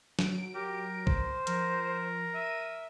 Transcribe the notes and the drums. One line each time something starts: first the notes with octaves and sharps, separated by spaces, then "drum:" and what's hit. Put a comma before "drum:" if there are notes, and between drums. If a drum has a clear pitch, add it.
F#3 D7, drum: snare
G4 A#4
C5, drum: kick
F3 A#4, drum: hi-hat
E5 D#7